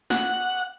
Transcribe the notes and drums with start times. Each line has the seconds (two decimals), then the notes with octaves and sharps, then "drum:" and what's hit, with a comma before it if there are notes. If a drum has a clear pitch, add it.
0.10 F#5, drum: snare